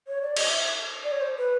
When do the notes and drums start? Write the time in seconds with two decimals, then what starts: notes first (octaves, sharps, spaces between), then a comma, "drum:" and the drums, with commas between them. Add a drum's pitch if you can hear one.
0.08 C#5
0.22 D5
0.37 D#5, drum: cymbal
0.50 E5
1.04 D5
1.12 C#5
1.21 C5
1.39 B4